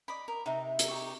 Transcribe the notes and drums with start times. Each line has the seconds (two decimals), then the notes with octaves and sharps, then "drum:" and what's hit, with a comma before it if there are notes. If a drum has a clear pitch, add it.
0.08 D5 D#5 B5
0.28 A#4
0.46 C3 D#4 E5
0.79 drum: hi-hat
0.88 D#4 G4 C#6